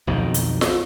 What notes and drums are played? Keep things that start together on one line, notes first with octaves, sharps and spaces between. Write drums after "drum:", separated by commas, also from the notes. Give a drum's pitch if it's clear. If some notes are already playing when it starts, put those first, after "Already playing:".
B1 F2 B2 D#3
drum: hi-hat
drum: snare